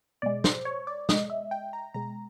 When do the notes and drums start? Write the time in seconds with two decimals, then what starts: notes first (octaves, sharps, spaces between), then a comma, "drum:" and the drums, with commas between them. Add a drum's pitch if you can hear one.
0.22 B2 G#3 D5
0.44 C5, drum: snare
0.65 C#5
0.87 D5
1.09 B2 G#3 D#5, drum: snare
1.30 E5
1.51 G5
1.73 A#5
1.94 B2 G#3 A#5